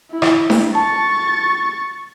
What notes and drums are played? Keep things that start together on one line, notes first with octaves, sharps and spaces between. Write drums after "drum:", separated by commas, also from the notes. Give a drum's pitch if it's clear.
E4
drum: rim click
drum: snare D4
A5 C#6 A6